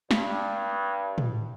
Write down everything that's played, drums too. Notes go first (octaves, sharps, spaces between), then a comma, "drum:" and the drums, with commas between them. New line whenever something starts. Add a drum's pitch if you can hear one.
G2, drum: snare
drum: tom